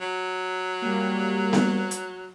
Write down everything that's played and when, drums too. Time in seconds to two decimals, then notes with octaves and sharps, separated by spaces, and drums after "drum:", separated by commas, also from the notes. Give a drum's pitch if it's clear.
0.01 F#3
0.82 G3 A#3
1.53 drum: snare B3
1.91 drum: hi-hat